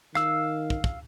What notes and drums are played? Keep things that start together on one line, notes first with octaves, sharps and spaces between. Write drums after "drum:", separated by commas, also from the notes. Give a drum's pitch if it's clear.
D#3 F5 E6, drum: rim click
drum: kick
drum: kick